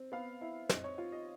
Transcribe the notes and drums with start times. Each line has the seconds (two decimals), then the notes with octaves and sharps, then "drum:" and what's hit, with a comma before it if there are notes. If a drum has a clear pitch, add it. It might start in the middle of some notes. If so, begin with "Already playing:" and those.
Already playing: C4
0.12 B3 F5
0.41 E4
0.69 C4 D#5, drum: snare
0.84 C#5
0.98 F4
1.12 D#5